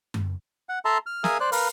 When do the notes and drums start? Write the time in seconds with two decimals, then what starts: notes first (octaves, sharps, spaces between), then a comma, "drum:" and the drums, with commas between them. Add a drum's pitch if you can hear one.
0.14 drum: tom F#2
0.69 F#5
0.85 A4 E5 A5 A#5 C6
1.06 F6
1.24 G#4 A#4 E5 F5 G#5 D#6, drum: snare
1.40 C5 D5 F#6
1.52 A#4 B4 F5, drum: open hi-hat